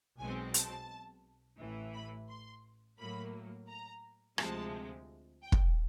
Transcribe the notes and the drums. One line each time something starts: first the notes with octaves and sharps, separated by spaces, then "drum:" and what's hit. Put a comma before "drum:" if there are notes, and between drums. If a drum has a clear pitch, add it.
B1 B2 G#3 C4 G#5
A5, drum: hi-hat
A1 A2 E3
B5
C6
A2 F#3 A#3 B5
A#5
D2 C3 F3 G#3 A5, drum: rim click
G5
drum: kick